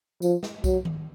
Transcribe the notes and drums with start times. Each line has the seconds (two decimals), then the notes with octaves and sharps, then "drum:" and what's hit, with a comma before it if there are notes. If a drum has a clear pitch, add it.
0.22 F3, drum: tambourine
0.43 drum: snare
0.64 F#3, drum: kick B1, tambourine
0.85 drum: tom D#3